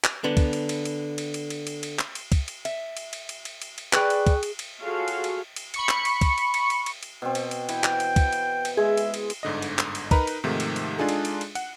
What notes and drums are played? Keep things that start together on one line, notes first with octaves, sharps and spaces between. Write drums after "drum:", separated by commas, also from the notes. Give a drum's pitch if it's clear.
drum: clap
D3 B3
drum: kick, cymbal
drum: cymbal
drum: cymbal
drum: cymbal
drum: cymbal
drum: cymbal
drum: cymbal
drum: cymbal
drum: cymbal
drum: clap
drum: cymbal
drum: kick, cymbal
drum: cymbal
E5, drum: cymbal
drum: cymbal
drum: cymbal
drum: cymbal
drum: cymbal
drum: cymbal
drum: cymbal
G#4 B4 D5 G5 C#6 F#6, drum: clap
drum: cymbal
drum: kick, cymbal
drum: cymbal
drum: cymbal
F4 F#4 G#4 A4 C#5 F5
drum: cymbal
drum: cymbal
drum: cymbal
B5 C#6 C#7, drum: cymbal
drum: clap
drum: cymbal
drum: kick, cymbal
drum: cymbal
drum: cymbal
drum: cymbal
drum: cymbal
drum: cymbal
B2 C4
drum: cymbal
drum: cymbal
E3 G5, drum: cymbal
drum: clap
drum: cymbal
drum: kick, cymbal
drum: cymbal
drum: cymbal
G#3 G#4 E5
drum: cymbal
drum: cymbal
drum: cymbal
G1 G#2 D3 D#5
drum: cymbal
drum: clap
drum: cymbal
D#4 A#4 B4 A#5 B5, drum: kick, cymbal
drum: cymbal
G#2 C3 D#3 F3 A3
drum: cymbal
drum: cymbal
G#3 D4 D#4 F4 G#4 A4
drum: cymbal
drum: cymbal
drum: cymbal
F#5, drum: cymbal